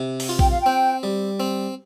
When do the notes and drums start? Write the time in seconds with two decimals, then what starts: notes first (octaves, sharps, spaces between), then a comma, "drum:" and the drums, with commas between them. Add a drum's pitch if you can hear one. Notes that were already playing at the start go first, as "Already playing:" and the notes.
Already playing: C3
0.20 drum: open hi-hat
0.29 F4
0.39 G5, drum: kick A#1
0.49 F5
0.60 G5
0.66 C4
1.03 G3
1.40 C4